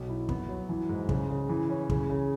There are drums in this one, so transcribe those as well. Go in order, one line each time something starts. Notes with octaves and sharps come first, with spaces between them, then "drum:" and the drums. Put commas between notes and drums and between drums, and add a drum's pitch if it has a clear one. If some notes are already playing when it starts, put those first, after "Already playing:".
Already playing: B1
E4
B3, drum: kick
F#3
E3
G#2
C#3, drum: kick
C#3
E3
C#4
C#3, drum: kick
C#3